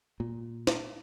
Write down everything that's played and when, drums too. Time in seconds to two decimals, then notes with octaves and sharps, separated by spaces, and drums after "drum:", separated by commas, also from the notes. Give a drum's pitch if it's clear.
0.20 A#2
0.67 drum: snare